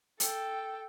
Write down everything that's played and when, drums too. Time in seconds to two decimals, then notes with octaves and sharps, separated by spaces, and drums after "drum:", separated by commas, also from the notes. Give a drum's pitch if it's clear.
0.20 A4 G5, drum: hi-hat